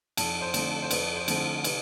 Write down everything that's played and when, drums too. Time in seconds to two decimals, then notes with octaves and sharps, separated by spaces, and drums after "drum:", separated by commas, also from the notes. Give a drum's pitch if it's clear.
0.17 F2 A5, drum: cymbal
0.41 C5
0.54 D3 F3 A3 C4, drum: cymbal
0.82 C5
0.91 F2 B4, drum: cymbal
1.16 C5
1.28 D3 F3 A3 C4, drum: cymbal
1.41 A4
1.64 C3 B4, drum: cymbal